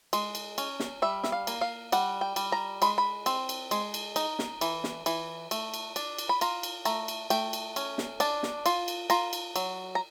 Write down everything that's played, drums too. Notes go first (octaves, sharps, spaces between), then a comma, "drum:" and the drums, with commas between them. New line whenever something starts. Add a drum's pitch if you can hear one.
G#3, drum: cymbal
drum: cymbal
C#4, drum: cymbal
drum: snare
G3 E5
E5, drum: snare
F5
A#3, drum: cymbal
F5
G3 F#5, drum: cymbal
G5
G3, drum: cymbal
A#5
G#3 B5, drum: cymbal
B5
C4, drum: cymbal
drum: cymbal
G#3, drum: cymbal
drum: cymbal
D#4, drum: cymbal
drum: snare
E3, drum: cymbal
drum: snare
E3, drum: cymbal
A3, drum: cymbal
drum: cymbal
D4, drum: cymbal
drum: cymbal
B5
F4 A#5, drum: cymbal
drum: cymbal
A3 A#5, drum: cymbal
drum: cymbal
A3 G5, drum: cymbal
drum: cymbal
C#4, drum: cymbal
drum: snare
D4 A5, drum: cymbal
drum: snare
F4, drum: cymbal
drum: cymbal
F4 A#5, drum: cymbal
drum: cymbal
F#3, drum: cymbal
A#5